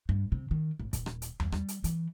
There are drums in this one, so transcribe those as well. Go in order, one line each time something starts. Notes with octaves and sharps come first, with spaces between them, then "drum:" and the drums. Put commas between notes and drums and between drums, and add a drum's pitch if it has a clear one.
G2
C3
D#3
G#1
D#1, drum: kick, hi-hat
drum: rim click
drum: hi-hat
G3, drum: tom E2
G3, drum: rim click
drum: hi-hat
E3, drum: hi-hat